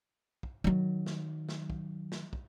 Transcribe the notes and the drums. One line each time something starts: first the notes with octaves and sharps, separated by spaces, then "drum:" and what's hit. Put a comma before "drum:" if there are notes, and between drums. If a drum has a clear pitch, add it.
drum: kick
D#3 F#3, drum: kick
drum: snare
drum: snare
drum: kick
drum: snare
drum: kick